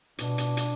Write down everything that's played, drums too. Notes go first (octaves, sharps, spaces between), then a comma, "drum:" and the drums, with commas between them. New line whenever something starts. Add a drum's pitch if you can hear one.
B2 D4, drum: hi-hat
drum: hi-hat
drum: hi-hat